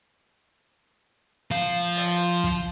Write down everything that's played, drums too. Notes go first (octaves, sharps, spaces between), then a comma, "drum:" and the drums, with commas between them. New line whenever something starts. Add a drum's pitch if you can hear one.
F3 F5, drum: hi-hat
drum: open hi-hat
drum: kick